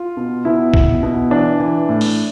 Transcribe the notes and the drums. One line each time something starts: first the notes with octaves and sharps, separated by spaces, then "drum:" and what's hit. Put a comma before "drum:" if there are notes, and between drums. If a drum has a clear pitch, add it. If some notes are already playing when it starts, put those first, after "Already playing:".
Already playing: F4
B2
B2 E4
B2, drum: kick B1
B2
E3 D4
E3
A2
drum: open hi-hat